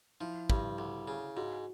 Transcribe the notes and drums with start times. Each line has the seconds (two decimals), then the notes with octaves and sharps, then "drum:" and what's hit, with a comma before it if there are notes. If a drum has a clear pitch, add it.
0.20 F3 E4
0.50 G2, drum: kick
0.78 D2
1.08 C#3
1.37 G#2 F#4